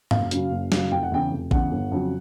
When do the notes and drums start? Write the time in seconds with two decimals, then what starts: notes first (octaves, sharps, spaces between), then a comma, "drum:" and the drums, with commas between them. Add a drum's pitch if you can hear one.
0.11 F#1 F5, drum: tom G#2
0.31 F#2 C#3 F#3, drum: hi-hat
0.51 F#1
0.72 F#2 C#3 F#3, drum: snare
0.91 F1 G5
1.03 F#5
1.12 E2 C#3 G5
1.31 F1
1.51 E2 C#3 F#5, drum: kick A1
1.72 G1
1.91 F2 C#3 F#3